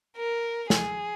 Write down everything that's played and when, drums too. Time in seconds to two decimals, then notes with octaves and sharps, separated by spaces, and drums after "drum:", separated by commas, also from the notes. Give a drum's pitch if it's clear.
0.17 A#4
0.70 G#4, drum: snare